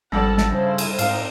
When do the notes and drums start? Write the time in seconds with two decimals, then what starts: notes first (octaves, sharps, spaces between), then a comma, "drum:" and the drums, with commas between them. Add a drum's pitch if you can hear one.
0.12 G#1 G2 A4 D5 F#5 A5
0.38 drum: snare
0.52 C#3 E4 C5
0.78 drum: cymbal
0.99 G#2 C4 D#4 F5, drum: cymbal